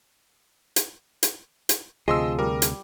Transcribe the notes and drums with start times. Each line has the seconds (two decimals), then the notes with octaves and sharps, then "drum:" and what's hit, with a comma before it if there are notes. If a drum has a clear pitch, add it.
0.76 drum: hi-hat
1.23 drum: hi-hat
1.69 drum: hi-hat
2.08 D2 C3 F3 G#4 D#5 C6 E6
2.39 G3 A#4
2.62 drum: hi-hat